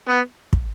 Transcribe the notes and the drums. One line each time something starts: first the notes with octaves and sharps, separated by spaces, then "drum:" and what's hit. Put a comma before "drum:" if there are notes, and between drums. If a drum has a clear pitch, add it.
B3
drum: kick